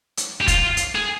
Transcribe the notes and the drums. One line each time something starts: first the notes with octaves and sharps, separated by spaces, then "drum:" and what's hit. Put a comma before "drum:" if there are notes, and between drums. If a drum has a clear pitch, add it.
drum: hi-hat
G4
F4, drum: kick, hi-hat
drum: hi-hat
G#4